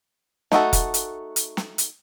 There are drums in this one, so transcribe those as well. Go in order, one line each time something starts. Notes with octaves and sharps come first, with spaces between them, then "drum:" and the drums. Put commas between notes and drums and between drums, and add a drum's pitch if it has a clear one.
A3 D#4 F#4 A4, drum: snare
drum: kick, hi-hat
drum: hi-hat
drum: hi-hat
drum: snare
drum: hi-hat